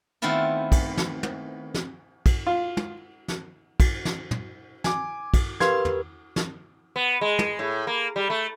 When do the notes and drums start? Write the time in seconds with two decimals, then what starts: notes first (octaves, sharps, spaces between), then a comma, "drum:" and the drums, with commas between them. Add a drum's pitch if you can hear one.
0.22 D#3 A3 B3 C4 E4 F4
0.72 drum: kick, cymbal
0.97 drum: snare
1.23 drum: tom
1.74 drum: snare
2.26 drum: kick, cymbal
2.47 F4
2.77 drum: tom
3.28 drum: snare
3.80 drum: kick, cymbal
4.05 drum: snare
4.31 drum: tom
4.84 G#5 D6, drum: snare
5.34 drum: kick, cymbal
5.60 G4 A#4 B4 F5 C6 G#6, drum: snare
5.85 drum: tom
6.36 drum: snare
6.96 B3
7.21 G#3
7.39 drum: tom
7.59 A2
7.87 A#3
8.16 G3
8.30 A3